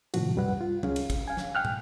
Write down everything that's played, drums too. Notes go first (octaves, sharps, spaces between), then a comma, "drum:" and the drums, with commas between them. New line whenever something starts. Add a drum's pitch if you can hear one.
A2 C3 D#3 F3 F#4, drum: cymbal
C2 F#2 G3 B4 F#5
F4
C#2 C#4 G#4 F5, drum: tom F#3
drum: cymbal
drum: kick, cymbal
F5 G#5
drum: snare
G5 F6 F#6
drum: tom